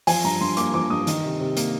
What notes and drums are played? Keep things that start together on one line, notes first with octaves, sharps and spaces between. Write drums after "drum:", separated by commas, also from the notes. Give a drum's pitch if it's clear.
F3 G#5, drum: open hi-hat
G2 A#5
G2 C6
A#3 D6, drum: hi-hat
F3 D6
G2 D#6
D#3, drum: hi-hat
C3
C3
A#3, drum: hi-hat